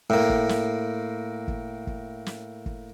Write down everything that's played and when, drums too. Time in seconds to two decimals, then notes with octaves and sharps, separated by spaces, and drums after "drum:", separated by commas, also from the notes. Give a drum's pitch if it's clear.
0.10 A2 A#3
0.30 drum: kick
0.49 drum: snare
1.48 drum: kick
1.87 drum: kick
2.26 drum: snare
2.66 drum: kick